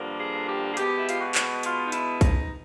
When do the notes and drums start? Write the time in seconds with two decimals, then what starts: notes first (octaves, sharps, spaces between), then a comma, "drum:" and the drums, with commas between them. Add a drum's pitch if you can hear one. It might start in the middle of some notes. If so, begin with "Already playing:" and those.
Already playing: G2 D3 F3 A#3
0.19 G#4
0.48 G4
0.71 G#4
0.77 B2 G#3 B3 G4, drum: hi-hat
0.96 E4
1.09 F4, drum: hi-hat
1.21 F#4
1.35 drum: clap
1.63 F4, drum: hi-hat
1.85 D#4
1.92 E4, drum: hi-hat
2.21 D#4, drum: kick, hi-hat